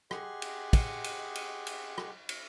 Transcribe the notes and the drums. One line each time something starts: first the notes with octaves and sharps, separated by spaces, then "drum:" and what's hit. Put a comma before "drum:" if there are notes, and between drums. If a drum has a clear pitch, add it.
G4 G#4 D#5 F#5 C6 C#6, drum: rim click
drum: cymbal
drum: kick, cymbal
drum: cymbal
drum: cymbal
drum: cymbal
drum: rim click
drum: cymbal